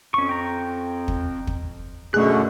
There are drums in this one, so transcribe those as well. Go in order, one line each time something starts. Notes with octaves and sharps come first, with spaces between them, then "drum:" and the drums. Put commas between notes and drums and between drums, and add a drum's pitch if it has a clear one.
F2 C#4 C#6
G5 A#5
drum: kick
drum: kick
F#2 B2 D3 A3 G#4 C#6 F#6